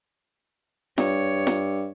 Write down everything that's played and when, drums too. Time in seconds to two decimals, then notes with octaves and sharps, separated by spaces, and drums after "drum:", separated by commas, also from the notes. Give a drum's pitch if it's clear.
0.98 G2 C#5, drum: snare
1.47 drum: snare